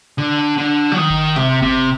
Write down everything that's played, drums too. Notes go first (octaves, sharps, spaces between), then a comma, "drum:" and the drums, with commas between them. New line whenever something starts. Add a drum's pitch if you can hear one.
D3
D3
F#3
D#3
drum: kick F#1
C3, drum: snare
C3, drum: kick F#1